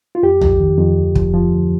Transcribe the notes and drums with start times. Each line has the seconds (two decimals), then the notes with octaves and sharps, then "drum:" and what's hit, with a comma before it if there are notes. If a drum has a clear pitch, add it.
0.15 F4
0.23 F2 G4
0.41 F2, drum: tom
0.60 D#3
0.78 F2
0.97 D2
1.15 F3, drum: kick
1.34 F3
1.52 D2